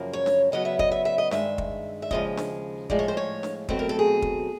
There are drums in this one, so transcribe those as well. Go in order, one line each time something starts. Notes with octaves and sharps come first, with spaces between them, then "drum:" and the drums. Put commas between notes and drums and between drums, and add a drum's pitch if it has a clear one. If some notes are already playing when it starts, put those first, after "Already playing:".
Already playing: F#2 C#3 F3 A#3
C#5
drum: snare D4
C#3 F#3 B3 D#5
E5
D#5, drum: kick
E5
E5
D#5
G2 D#3 G#3 E5, drum: snare D4
drum: kick
E5
D#2 C#3 F3 G#3 D#5, drum: kick
drum: snare D4
A2 F3 G#3 D5, drum: kick
C#5
C5
C#5
drum: snare D4
B2 F#3 A3 C4 C5, drum: kick
A#4
A4
G#4
drum: kick